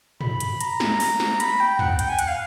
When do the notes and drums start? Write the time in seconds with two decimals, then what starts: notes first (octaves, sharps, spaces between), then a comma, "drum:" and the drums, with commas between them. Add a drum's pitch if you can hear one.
0.21 B5, drum: tom
0.40 drum: hi-hat
0.60 A#5, drum: hi-hat
0.80 drum: snare
1.00 drum: open hi-hat
1.20 drum: snare
1.40 B5, drum: hi-hat
1.60 G5
1.79 F#5, drum: tom
1.99 G5, drum: hi-hat
2.09 G#5
2.19 F#5, drum: hi-hat
2.28 F5